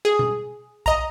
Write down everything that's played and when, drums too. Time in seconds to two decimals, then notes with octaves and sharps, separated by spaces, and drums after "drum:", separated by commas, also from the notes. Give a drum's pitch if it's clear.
0.05 G#4
0.19 drum: tom B2
0.86 D#5 A#5, drum: kick B1